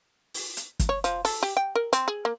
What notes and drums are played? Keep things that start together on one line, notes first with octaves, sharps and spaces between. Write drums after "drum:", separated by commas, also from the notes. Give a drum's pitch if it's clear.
drum: open hi-hat
drum: hi-hat
drum: kick F#1, hi-hat
C#5
F3, drum: hi-hat
A4, drum: open hi-hat
G4
G5
A#4
C4, drum: hi-hat
G#4
A#3